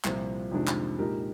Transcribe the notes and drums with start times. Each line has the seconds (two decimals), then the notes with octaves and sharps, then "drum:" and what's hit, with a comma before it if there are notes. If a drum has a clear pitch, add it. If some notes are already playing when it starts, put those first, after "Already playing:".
0.05 C2 A#2 F3 C4, drum: clap
0.51 F2 C3 D#3 G#3 D4
0.67 drum: clap
0.99 A#2 G#3 D#4 G4 A#4